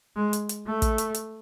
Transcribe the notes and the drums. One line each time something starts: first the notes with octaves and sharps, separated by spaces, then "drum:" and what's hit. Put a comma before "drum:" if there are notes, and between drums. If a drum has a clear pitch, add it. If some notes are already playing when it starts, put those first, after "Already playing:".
G#3
drum: hi-hat
drum: hi-hat
A3
drum: kick, hi-hat
drum: hi-hat
drum: hi-hat